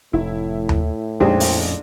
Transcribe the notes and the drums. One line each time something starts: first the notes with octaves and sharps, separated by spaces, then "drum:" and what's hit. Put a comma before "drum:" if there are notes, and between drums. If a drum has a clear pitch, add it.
F1 A2 E4
drum: tom D#2
A#1 F2 G#3 C4 C#4 D#4
drum: open hi-hat